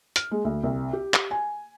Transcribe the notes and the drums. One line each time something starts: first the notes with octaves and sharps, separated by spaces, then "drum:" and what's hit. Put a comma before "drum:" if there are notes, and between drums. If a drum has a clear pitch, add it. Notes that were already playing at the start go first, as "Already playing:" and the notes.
F6, drum: hi-hat
G#3
D2
C2
G4
drum: clap
G#5